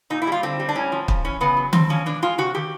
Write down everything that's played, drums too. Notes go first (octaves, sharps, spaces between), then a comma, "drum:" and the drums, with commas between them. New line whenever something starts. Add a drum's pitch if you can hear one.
A#2 D#4
E4
G3 F4
D3 C4
G3
D4
A2 C#4
F3
C#3, drum: kick
E3 C#4
C#3 B3
F#3
D3 C4, drum: tom D#3
F3 C#4
B2 D4
G#3 F4
C3 F#4
D#3 G4